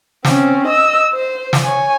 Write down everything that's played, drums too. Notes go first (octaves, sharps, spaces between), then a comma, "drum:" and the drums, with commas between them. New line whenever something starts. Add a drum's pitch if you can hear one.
C4 C#4, drum: snare
D#5 E6
C5
drum: snare
C#5 G#5